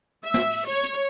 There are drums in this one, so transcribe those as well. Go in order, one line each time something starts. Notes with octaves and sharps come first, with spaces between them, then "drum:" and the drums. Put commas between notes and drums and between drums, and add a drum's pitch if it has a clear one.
E5
drum: snare
drum: open hi-hat
C#5
drum: hi-hat